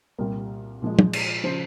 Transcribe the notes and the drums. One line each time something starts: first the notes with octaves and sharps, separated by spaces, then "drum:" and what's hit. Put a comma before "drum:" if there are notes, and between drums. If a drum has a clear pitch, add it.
C2 A#2 G3 A#4
A#2 F3 G#3
drum: tom
drum: cymbal
C#3 F3 C5